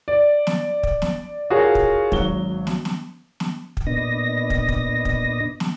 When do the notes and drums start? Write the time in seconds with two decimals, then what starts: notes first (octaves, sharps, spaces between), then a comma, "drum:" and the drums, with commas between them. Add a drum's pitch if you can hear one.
0.08 D5
0.47 drum: snare
0.83 drum: kick
1.02 drum: snare
1.50 F4 F#4 G#4 A#4 C#5 F5
1.75 drum: kick
2.12 G#1 F#3 G7, drum: kick
2.67 drum: snare
2.85 drum: snare
3.40 drum: snare
3.77 drum: kick
3.87 A#2 B3 D4 D#5 A#6
4.50 drum: kick
4.68 drum: kick
5.05 drum: kick
5.60 drum: snare